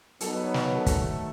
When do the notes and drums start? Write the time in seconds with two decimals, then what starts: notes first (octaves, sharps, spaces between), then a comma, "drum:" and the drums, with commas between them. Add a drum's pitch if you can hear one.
0.20 F#3 B3 D#4 A4, drum: hi-hat
0.32 B4
0.43 C#5
0.54 C#5, drum: snare
0.65 B4
0.75 A4
0.86 D#3 F#3 A3 A4, drum: kick, hi-hat